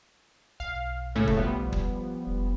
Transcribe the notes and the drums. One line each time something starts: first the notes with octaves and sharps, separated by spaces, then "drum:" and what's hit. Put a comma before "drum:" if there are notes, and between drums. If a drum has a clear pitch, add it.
B1 F5
A2 C#3 A3
drum: kick
F3 G3 B3
drum: kick
F1